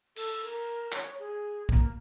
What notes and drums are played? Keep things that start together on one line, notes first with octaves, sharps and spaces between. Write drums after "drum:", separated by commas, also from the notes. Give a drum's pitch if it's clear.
A4, drum: cymbal
A#4
C#5, drum: clap
G#4
A#3, drum: kick